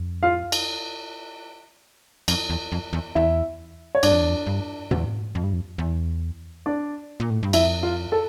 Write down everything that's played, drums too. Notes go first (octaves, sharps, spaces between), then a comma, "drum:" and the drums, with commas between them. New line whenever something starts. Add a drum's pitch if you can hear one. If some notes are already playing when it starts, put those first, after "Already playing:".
Already playing: F2
F4 F5
drum: cymbal
F2, drum: cymbal
E2
F2
E2
E2 E4 E5
C#5
G2 D4 D5, drum: cymbal
F2
E2
F2
G2
E2, drum: tom
F2
G2
F2
E2
D4 D5
A#2
A2
G2
F2 E4 E5, drum: cymbal
F4 F5
A4 A5